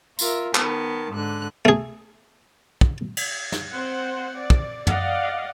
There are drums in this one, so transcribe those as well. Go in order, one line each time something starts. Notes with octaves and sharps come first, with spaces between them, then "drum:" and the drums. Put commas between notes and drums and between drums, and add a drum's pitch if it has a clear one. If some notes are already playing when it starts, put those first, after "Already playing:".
F4 A#4 E5, drum: tambourine
D#3 B3 A5, drum: clap
G#2 D3 F#6
A3 G#4
drum: kick
drum: cymbal
drum: snare
C4 C5 F#5
D5
drum: kick
D5 D#5 F5 F#5, drum: tom